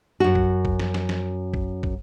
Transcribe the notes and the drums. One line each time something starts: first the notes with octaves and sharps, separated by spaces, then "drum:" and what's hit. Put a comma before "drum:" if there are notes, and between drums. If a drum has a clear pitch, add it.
F#2 F#4
drum: kick
drum: kick
drum: snare
drum: snare
drum: snare
drum: kick
drum: kick